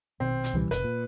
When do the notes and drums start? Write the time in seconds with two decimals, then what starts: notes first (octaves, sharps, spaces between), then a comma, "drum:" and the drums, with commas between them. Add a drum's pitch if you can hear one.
0.20 A#1 B2 D#3 C4
0.44 drum: hi-hat
0.54 C#2 E3 G3
0.71 F1 B4, drum: hi-hat
0.84 A#2